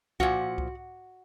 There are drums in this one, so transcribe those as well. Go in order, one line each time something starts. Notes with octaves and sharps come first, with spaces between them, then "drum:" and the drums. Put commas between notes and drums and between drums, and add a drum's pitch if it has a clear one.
A#2 F3 F#4, drum: kick C2
drum: kick C2